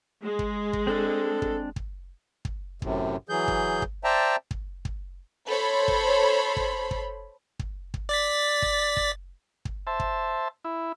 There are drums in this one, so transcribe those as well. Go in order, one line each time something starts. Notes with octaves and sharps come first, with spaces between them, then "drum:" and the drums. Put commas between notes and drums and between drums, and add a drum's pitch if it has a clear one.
G#3
drum: kick
drum: kick
C4 D4 A4
drum: kick
drum: kick
drum: kick
F#2 A2 C3, drum: kick
E3 F#3 G#4 G6
drum: kick
drum: kick
C5 D5 E5 G5 A5 A#5
drum: kick
drum: kick
A4 C5 C#5 B5 C6
drum: kick
drum: kick
drum: kick
drum: kick
drum: kick
D5 A6 B6
drum: kick
drum: kick
drum: kick
C5 E5 A5
drum: kick
E4